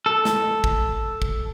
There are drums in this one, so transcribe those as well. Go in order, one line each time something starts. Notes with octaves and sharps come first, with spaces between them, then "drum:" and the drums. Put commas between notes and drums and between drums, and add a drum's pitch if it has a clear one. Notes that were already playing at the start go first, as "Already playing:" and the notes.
A4
drum: snare
drum: kick
drum: kick